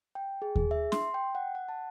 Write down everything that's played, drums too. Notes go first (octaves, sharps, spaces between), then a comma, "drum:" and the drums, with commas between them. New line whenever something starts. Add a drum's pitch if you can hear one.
G5
G#4
G#4, drum: kick D#2
E5
C6, drum: snare
G5
F#5
F#5
A5